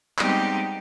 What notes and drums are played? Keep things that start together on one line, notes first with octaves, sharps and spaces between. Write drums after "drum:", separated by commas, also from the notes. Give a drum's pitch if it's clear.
G3 G#3 B3 C4 D#4 G4, drum: clap